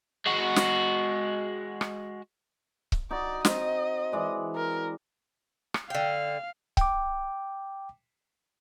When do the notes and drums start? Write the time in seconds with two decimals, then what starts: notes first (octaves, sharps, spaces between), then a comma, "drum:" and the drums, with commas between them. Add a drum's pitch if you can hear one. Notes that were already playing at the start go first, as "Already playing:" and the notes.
0.26 G#3 F#4
0.56 drum: snare
1.81 drum: rim click
2.92 drum: kick C#1
3.11 D#4 F#4 D5
3.45 C4 D#5, drum: snare
4.12 E3 G#3 D5
4.56 A#4
5.74 drum: rim click
5.90 D3 F5 G5
6.77 G5 D6, drum: kick C#1